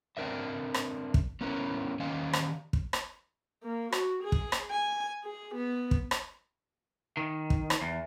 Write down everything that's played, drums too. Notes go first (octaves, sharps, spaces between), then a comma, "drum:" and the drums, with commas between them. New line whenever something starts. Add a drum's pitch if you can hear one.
C4 D4 A#4 D#5 E5
drum: rim click
drum: kick
B3 C#4 E4 A#4
D#3 C#4 D#5 F5 G#5
drum: rim click
drum: kick
drum: rim click
A#3
F#4, drum: rim click
G#4
drum: kick
drum: rim click
G#5
G#4
B3
drum: kick
drum: rim click
D#3
drum: kick
drum: rim click
E2